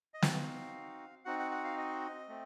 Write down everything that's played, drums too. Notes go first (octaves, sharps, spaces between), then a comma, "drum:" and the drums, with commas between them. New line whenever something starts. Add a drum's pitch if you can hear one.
D#5
C4 D#4 F#4 F5, drum: snare
C4 D#4 F#4 F#5
F#5
F#5
F5
D#5
A3 C4